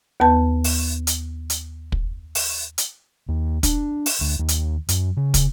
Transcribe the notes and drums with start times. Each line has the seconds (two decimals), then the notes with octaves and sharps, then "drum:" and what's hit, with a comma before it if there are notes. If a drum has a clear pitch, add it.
0.20 D#2 B3 B4 A5 G6
0.64 drum: open hi-hat
1.07 drum: hi-hat
1.50 drum: hi-hat
1.92 drum: kick
2.35 drum: open hi-hat
2.78 drum: hi-hat
3.28 D#2
3.63 D4, drum: kick, hi-hat
4.06 drum: open hi-hat
4.21 D2
4.39 D#2
4.48 drum: hi-hat
4.89 F#2, drum: hi-hat
5.17 C#3
5.34 drum: kick, hi-hat